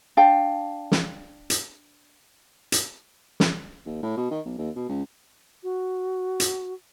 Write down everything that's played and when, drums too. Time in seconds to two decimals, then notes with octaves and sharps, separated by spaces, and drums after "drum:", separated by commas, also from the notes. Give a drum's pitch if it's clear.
0.17 D4 F5 G5 A5
0.92 drum: snare
1.50 drum: hi-hat
2.72 drum: hi-hat
3.40 drum: snare
3.86 D#2
4.03 A2
4.17 B2
4.31 D#3
4.45 B1
4.58 D#2
4.76 B2
4.89 C#2
5.63 F#4
6.40 drum: hi-hat